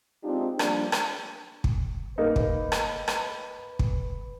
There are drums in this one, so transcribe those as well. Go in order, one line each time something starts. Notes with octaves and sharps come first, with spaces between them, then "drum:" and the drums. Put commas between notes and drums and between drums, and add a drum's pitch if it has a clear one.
G#3 C4 D4 D#4 F4 G4
F3 G3 A#3 D4, drum: rim click
drum: rim click
drum: kick
A#3 D#4 B4
drum: kick
drum: rim click
drum: rim click
drum: kick